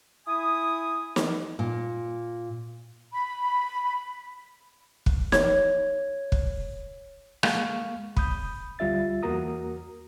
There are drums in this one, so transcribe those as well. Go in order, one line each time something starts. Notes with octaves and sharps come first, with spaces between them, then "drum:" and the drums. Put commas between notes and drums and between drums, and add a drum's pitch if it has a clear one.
E4 G#5 D#6
drum: snare
A#2
B5
drum: kick
C#5 G#6, drum: snare
drum: kick
G#3 A#3 F5 C#6, drum: rim click
B5 D#6 G6, drum: kick
D2 G3 F4 E5 A6
E2 A#3 F#4 A#4 A#5 D#6